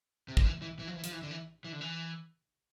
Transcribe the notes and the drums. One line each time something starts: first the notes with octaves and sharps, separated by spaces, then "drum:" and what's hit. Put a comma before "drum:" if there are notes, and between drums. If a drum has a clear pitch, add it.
C3
D3, drum: kick
E3
E3
E3
F3
E3
F3, drum: hi-hat
E3
D3
E3
E3
D3
E3